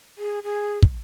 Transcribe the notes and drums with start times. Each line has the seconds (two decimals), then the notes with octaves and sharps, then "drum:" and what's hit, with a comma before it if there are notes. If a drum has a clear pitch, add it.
0.18 G#4
0.44 G#4
0.82 drum: kick